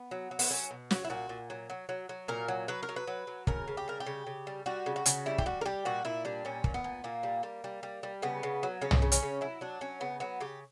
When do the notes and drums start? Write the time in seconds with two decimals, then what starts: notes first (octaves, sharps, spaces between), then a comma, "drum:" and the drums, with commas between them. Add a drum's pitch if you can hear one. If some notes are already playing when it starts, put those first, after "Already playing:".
Already playing: B3
0.11 F#3
0.31 F#3
0.39 B3, drum: open hi-hat
0.50 F#3 C#4
0.71 B2
0.91 F#3 F#4, drum: snare
1.05 E4
1.10 A#2 F#4
1.29 A#2
1.50 F#3
1.70 F#3
1.89 F#3
2.09 F#3
2.28 A#2 A#4
2.48 F#3
2.68 F#3 B4
2.83 A#4
2.89 F#3
2.96 B4
3.07 F#3
3.27 F#3
3.47 C#3 A#4, drum: kick
3.68 C#3
3.77 G4
3.88 G3 A#4
4.00 G4
4.06 C#3
4.27 C#3
4.47 G3
4.66 G3 F#4
4.86 C#3
4.96 F#4
5.06 C#3, drum: hi-hat
5.26 G3 E4
5.38 G4, drum: kick
5.46 G3 F#4
5.61 A#4
5.66 G3 G4
5.85 A#2 F#4
6.05 A#2 E4
6.25 G3 D4
6.45 A#2 C#4
6.64 A#2, drum: kick
6.74 B3
6.84 A#2
7.04 A#2 A#3
7.23 G3
7.43 G3
7.64 G3
7.83 G3
8.03 G3
8.22 C#3 B3
8.43 C#3
8.63 F#3
8.81 C#3 C#4
8.91 drum: tom
9.02 C#3
9.12 C#4, drum: hi-hat
9.22 C#3
9.41 F#3 E4
9.61 F#3 D4
9.81 F#3 C#4
10.00 C#3 B3
10.20 F#3 B3
10.40 C#3 G4